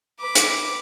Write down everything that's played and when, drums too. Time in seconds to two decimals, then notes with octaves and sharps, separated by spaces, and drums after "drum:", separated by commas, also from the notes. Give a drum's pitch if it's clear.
0.20 B4 D6
0.35 drum: hi-hat